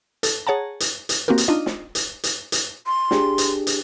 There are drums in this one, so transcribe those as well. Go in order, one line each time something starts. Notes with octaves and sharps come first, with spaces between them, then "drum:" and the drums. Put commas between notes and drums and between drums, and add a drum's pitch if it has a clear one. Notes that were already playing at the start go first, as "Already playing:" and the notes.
A4, drum: hi-hat
G#4 C#5 F#5 A5 A#5
drum: hi-hat
drum: hi-hat
A#3 C4 F#4 G4 A#4
drum: hi-hat
D4 D#4 F4 D#5
drum: snare
drum: hi-hat
drum: hi-hat
drum: hi-hat
C6
D4 G4 G#4, drum: snare
drum: hi-hat
drum: hi-hat